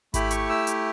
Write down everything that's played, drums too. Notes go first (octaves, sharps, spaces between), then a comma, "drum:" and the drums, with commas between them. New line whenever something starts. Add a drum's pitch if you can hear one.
A3 E4 G4 B5, drum: kick G#1, hi-hat
C#6, drum: hi-hat
E6
drum: hi-hat